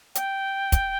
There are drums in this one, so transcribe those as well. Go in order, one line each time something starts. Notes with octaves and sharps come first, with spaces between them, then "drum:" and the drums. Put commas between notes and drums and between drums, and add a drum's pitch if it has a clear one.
G5, drum: hi-hat
drum: kick, hi-hat